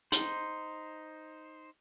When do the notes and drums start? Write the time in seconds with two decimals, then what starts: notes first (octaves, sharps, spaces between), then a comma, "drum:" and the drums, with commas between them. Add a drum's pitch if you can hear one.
0.12 D#4 C5, drum: hi-hat